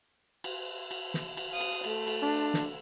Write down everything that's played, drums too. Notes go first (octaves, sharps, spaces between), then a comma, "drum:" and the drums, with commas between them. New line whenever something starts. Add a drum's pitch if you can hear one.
drum: cymbal
drum: cymbal
drum: snare
drum: cymbal
F5 D#6
drum: cymbal
A3, drum: cymbal
drum: cymbal
D4
drum: snare